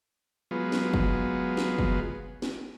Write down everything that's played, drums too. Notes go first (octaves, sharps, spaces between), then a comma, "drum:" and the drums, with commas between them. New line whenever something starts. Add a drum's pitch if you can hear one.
F#3 G#3 B3 F4
drum: snare
drum: kick
drum: snare
drum: kick
drum: snare